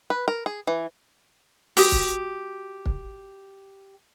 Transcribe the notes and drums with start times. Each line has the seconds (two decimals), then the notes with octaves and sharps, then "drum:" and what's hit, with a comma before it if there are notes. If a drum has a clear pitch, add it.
0.10 B4
0.28 A#4
0.46 G#4
0.67 E3
1.77 F#4 G4 D#6, drum: open hi-hat
1.92 drum: kick
2.86 drum: kick